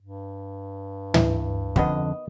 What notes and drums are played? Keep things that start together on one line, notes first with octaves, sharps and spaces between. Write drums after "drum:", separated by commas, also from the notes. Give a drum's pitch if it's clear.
G2
E3, drum: tom
F2 D3 D#3 B3 D#5, drum: kick